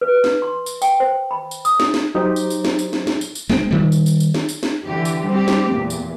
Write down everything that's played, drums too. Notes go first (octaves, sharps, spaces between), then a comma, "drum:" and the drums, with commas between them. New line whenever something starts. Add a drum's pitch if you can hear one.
B4
drum: snare
C6
drum: tambourine
G5, drum: tambourine
C5
B5
drum: tambourine
D#6, drum: tambourine
drum: snare
drum: snare
F#3 D#4 G4 C5
drum: tambourine
drum: tambourine
drum: snare
drum: tambourine
drum: snare
drum: snare
drum: tambourine
drum: tambourine
G#3 C4, drum: snare
D#3 G3
drum: tambourine
drum: tambourine
drum: tambourine
drum: snare
drum: tambourine
drum: snare
D3 E3 G4
drum: tambourine
G3 C4 G4
drum: snare
E2 A#2
drum: tambourine